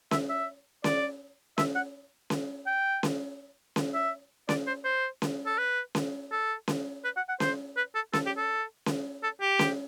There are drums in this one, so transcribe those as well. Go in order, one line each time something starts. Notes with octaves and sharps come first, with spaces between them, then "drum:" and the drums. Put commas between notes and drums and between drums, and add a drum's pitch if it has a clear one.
E5, drum: snare C#4
E5
D5, drum: snare C#4
E5, drum: snare C#4
F#5
drum: snare C#4
G5
drum: snare C#4
drum: snare C#4
E5
D5, drum: snare C#4
C5
C5
drum: snare C#4
A4
B4
drum: snare C#4
A4
drum: snare C#4
B4
F#5
F#5
C5, drum: snare C#4
B4
A4
A4, drum: snare C#4
G4
A4
drum: snare C#4
A4
G4
drum: snare C#4